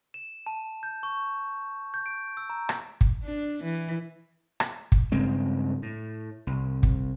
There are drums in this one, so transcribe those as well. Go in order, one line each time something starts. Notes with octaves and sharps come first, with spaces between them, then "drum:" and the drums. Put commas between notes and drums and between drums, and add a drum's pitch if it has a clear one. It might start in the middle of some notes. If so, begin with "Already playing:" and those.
E7
A5
G6
C#6
G6
D7
E6
A#5
drum: rim click
drum: kick
D4
E3
drum: rim click
drum: kick
G2 C#3 G#3 C4
A2
C2
drum: kick